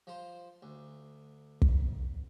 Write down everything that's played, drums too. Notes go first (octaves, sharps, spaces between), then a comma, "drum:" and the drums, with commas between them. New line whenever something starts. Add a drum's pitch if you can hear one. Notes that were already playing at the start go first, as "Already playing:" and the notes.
F3 C5
D2
drum: kick